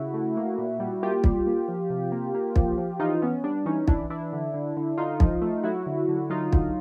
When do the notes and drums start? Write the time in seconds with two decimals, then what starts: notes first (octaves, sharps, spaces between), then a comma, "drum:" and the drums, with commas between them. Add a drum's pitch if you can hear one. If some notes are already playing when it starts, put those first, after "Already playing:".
Already playing: C#3 E4 F#4
0.14 A3
0.37 A#3
0.58 A#2
0.80 G3
1.02 A#3 F4 G4
1.24 G3, drum: kick
1.46 A#3
1.68 F3
1.90 C3
2.12 A#3
2.34 A#3
2.56 F3, drum: kick
2.78 F3
3.00 E3 D#4 F4
3.22 B3 C#4
3.44 G3 D4
3.66 E3 C#4 D#4
3.88 E3 D4 E4, drum: kick
4.10 E3 D4 E4
4.33 D3
4.54 D3
4.77 D3
4.97 D3 D#4 F4
5.20 F3, drum: kick
5.41 A3
5.63 F#3 E4 F#4
5.87 D3
6.09 D3
6.30 F#3 D#4 F4
6.53 D3, drum: kick